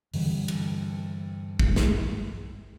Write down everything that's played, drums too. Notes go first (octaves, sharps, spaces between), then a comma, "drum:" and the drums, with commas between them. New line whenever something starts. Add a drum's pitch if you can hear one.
G2 D3 E3 G3, drum: open hi-hat
drum: cymbal
drum: kick
drum: snare